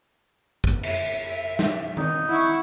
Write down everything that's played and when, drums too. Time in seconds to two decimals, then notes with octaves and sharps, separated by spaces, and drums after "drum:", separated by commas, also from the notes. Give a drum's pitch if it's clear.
0.64 drum: kick
0.83 E5, drum: cymbal
1.59 drum: snare
1.97 D#4, drum: tom D#3
2.29 E4 F#5 C#6